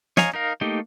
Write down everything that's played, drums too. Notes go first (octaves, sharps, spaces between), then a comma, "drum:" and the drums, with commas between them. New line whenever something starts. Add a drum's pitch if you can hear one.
C#5 D#5 F5 G#5 A#5, drum: snare
D#4 A#4 F5
A3 A#3 D#4 G4